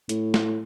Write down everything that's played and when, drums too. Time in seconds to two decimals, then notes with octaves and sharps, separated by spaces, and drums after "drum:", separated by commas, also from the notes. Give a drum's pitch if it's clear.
0.09 A2, drum: hi-hat
0.34 drum: snare